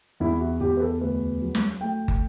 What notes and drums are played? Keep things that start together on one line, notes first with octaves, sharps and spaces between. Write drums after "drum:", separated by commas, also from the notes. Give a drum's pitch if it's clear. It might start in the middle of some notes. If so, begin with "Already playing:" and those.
E2 E4
F#4
E2 G4
B4
A4
D2 B4
F#3
drum: snare
A3 G5
drum: kick